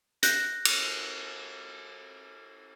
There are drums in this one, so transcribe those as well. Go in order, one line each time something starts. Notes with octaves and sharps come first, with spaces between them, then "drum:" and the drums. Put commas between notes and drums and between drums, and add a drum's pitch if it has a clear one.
F#6 G6 A#6, drum: hi-hat
drum: cymbal